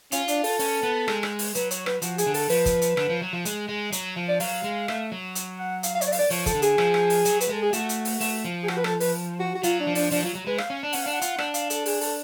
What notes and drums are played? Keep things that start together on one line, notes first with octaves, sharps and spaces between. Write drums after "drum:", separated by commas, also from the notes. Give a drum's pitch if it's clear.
C#4 F4, drum: hi-hat
D4, drum: hi-hat
A4, drum: open hi-hat
C#4, drum: open hi-hat
B3
G#3, drum: rim click
drum: rim click
drum: open hi-hat
F#3 B4, drum: hi-hat
C#5, drum: hi-hat
B4, drum: rim click
F3 F#4, drum: hi-hat
G#4, drum: hi-hat
D3
A4, drum: open hi-hat
F3 B4, drum: open hi-hat
drum: kick, hi-hat
drum: hi-hat
D3, drum: rim click
F3
F#3
F3
G#3, drum: hi-hat
G#3
F#3, drum: hi-hat
F3
D5
F#3 F5, drum: open hi-hat
G#3
A3, drum: rim click
F#3
drum: hi-hat
F#5
F5, drum: hi-hat
F5
C#5, drum: hi-hat
D5
F5, drum: open hi-hat
D5
F3 C#5, drum: open hi-hat
A4, drum: kick, hi-hat
D3
G#4, drum: hi-hat
F3, drum: rim click
drum: rim click
drum: open hi-hat
F#3, drum: hi-hat
B4, drum: hi-hat
G#3 A4
G#4
A3 F#4, drum: hi-hat
drum: hi-hat
drum: open hi-hat
A3, drum: open hi-hat
F3
G#4
F#4, drum: rim click
B4
A4, drum: rim click
B4, drum: open hi-hat
F#4
F#4
F#3 F4, drum: hi-hat
D4
F3
D4, drum: open hi-hat
F3 D4, drum: open hi-hat
F#3 F4
F#3
G#3 B4
F5, drum: rim click
C#4
D4
C#4 F#5, drum: open hi-hat
D4 F5
F#5
F4, drum: hi-hat
D4, drum: rim click
F5, drum: hi-hat
A4, drum: hi-hat
G#4, drum: open hi-hat
A4, drum: open hi-hat